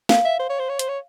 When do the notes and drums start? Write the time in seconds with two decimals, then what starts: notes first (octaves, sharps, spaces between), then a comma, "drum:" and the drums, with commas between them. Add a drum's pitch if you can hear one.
0.09 F5, drum: snare
0.25 E5
0.40 C5
0.50 C#5
0.59 C5
0.69 C#5
0.79 C5, drum: hi-hat
0.89 C#5